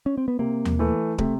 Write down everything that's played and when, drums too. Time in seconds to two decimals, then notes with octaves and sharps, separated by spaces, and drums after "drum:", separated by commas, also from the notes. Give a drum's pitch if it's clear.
0.06 C#4
0.18 C4
0.28 B3
0.39 C3 A#3
0.65 drum: tom D#2
0.79 E3 A3
1.18 C3 A3, drum: kick